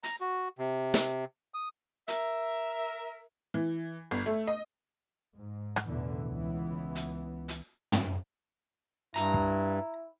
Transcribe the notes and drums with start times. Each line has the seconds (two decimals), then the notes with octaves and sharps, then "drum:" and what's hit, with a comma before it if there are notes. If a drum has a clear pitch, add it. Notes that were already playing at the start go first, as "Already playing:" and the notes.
0.03 A#5, drum: hi-hat
0.21 F#4
0.59 C3
0.94 drum: snare
1.54 D#6
2.08 A#4 E5, drum: hi-hat
3.54 E3
4.11 G1
4.26 A3
4.47 D#5
5.35 G#2
5.76 drum: rim click
5.89 A1 E2 B2 D3 E3
6.24 C#2 E3 B3
6.95 drum: hi-hat
7.48 drum: hi-hat
7.92 drum: tom
9.16 G2 E4 A#5, drum: hi-hat
9.34 drum: kick